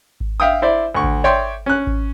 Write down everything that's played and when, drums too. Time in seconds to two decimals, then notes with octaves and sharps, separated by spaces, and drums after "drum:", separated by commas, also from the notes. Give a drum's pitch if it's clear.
0.20 drum: kick G#1
0.40 E5 F5 G5 D#6
0.62 E4 C5 D5 E5
0.95 D2 C#6
1.04 drum: kick G#1
1.24 C#5 D5 E5 G5 C6
1.66 C#4 F#6
1.87 drum: kick G#1